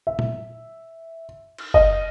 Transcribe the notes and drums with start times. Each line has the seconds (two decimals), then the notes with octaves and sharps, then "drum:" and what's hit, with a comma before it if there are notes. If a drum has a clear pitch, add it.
0.07 E5
0.19 drum: tom A#2
1.58 drum: cymbal
1.74 D#5, drum: kick